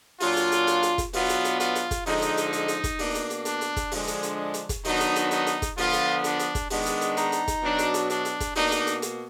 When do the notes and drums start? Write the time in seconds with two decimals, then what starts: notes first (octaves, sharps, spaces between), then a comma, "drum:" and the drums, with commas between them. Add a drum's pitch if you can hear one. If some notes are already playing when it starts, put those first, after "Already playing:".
0.20 A#2 F#3 D4 F4, drum: open hi-hat
0.36 drum: hi-hat
0.52 drum: hi-hat
0.67 drum: hi-hat
0.83 drum: hi-hat
0.98 drum: kick, hi-hat
1.13 B2 F#3 B3 D4 F4, drum: open hi-hat
1.29 drum: hi-hat
1.44 drum: hi-hat
1.60 F4, drum: hi-hat
1.75 drum: hi-hat
1.91 drum: kick, hi-hat
2.06 D3 F3 G#3 D#4, drum: open hi-hat
2.22 drum: hi-hat
2.37 drum: hi-hat
2.53 drum: hi-hat
2.68 drum: hi-hat
2.84 drum: kick, hi-hat
2.99 B2 A#3 D4, drum: open hi-hat
3.15 drum: hi-hat
3.30 drum: hi-hat
3.45 D4, drum: hi-hat
3.61 drum: hi-hat
3.76 drum: kick, hi-hat
3.92 D3 F3 G#3 D4, drum: open hi-hat
4.07 drum: hi-hat
4.23 drum: hi-hat
4.54 drum: hi-hat
4.69 drum: kick, hi-hat
4.84 D#3 F#3 B3 D4 D#4, drum: open hi-hat
5.00 drum: hi-hat
5.16 drum: hi-hat
5.31 D#4, drum: hi-hat
5.47 drum: hi-hat
5.62 drum: kick, hi-hat
5.78 D3 F3 B3 F4, drum: open hi-hat
5.93 drum: hi-hat
6.24 D4, drum: hi-hat
6.39 drum: hi-hat
6.55 drum: kick, hi-hat
6.70 D#3 G#3 B3 D4, drum: open hi-hat
6.86 drum: hi-hat
7.01 drum: hi-hat
7.17 D#4, drum: hi-hat
7.32 drum: hi-hat
7.48 drum: kick, hi-hat
7.63 B2 F#3 D4
7.79 drum: hi-hat
7.94 drum: hi-hat
8.10 D4, drum: hi-hat
8.25 drum: hi-hat
8.40 drum: kick, hi-hat
8.55 B2 A#3 D4 D#4, drum: open hi-hat
8.71 drum: hi-hat
8.87 drum: hi-hat
9.02 drum: hi-hat